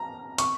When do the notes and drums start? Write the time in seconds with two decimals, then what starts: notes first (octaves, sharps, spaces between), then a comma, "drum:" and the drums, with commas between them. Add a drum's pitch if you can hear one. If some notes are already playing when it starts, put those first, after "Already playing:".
Already playing: A#5
0.38 C#6, drum: hi-hat